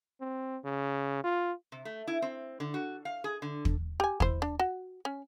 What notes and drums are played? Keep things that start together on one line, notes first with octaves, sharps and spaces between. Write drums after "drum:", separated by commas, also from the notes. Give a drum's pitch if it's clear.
C4
C#3
F4
C3
A3
E4
C4
D3
F#4
F5
G#4
D3
drum: kick
G4 G#5
E4 C5, drum: kick
D4
F#4
C#4